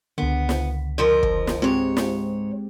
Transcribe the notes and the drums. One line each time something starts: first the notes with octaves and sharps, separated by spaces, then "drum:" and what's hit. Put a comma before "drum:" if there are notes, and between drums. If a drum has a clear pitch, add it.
C#2 D3 B3
drum: snare
F2 F3 A#4
drum: kick
drum: snare
G#2 G#3 C4 G4 C#5
drum: snare